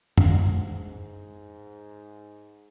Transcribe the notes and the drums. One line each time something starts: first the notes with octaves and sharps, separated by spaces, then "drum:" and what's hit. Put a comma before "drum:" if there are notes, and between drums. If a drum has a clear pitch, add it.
G#2 F5 F#5, drum: tom